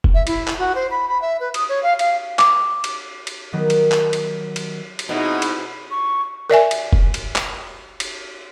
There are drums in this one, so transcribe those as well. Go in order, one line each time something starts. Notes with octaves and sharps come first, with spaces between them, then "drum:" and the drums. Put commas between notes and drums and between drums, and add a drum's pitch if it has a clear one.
drum: kick F1
E5
E4, drum: cymbal
drum: clap
F#4
C5
B5
B5
E5
B4
D#6, drum: cymbal
C#5
F5
F5, drum: cymbal
D6, drum: clap
drum: cymbal
drum: cymbal
D#3 F#3 B3
drum: cymbal
drum: clap
drum: cymbal
drum: cymbal
drum: cymbal
B2 C4 D#4 E4 F#4 G#4
drum: cymbal
C#6
A#4 D5 E5 G#5
drum: cymbal
drum: kick F1
drum: cymbal
drum: clap
drum: cymbal